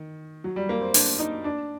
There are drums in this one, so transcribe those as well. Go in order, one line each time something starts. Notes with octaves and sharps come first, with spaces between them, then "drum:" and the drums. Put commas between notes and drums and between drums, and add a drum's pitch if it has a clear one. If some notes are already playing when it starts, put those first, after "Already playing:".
Already playing: D#3
F#3
G3
A#3
C4
D4, drum: open hi-hat
D#4
D4